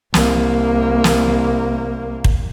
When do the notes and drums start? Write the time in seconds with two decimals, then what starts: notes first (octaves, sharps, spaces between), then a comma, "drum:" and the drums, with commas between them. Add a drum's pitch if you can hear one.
0.14 C2 A#3, drum: snare
1.04 drum: snare
2.24 drum: kick